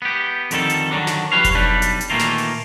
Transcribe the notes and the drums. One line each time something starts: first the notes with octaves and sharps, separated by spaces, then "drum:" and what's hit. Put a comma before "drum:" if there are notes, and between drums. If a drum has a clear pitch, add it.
B3 G4
F2 D3 D#3 G3 A4, drum: hi-hat
drum: hi-hat
D3 D#3 F#3 D4
drum: snare
F3 G4 B4 C#5 F5
drum: kick F1, hi-hat
B1 G3 D4 B4
drum: hi-hat
drum: hi-hat
A#2 D#3 E3 A3 A#3 F4
drum: snare
drum: open hi-hat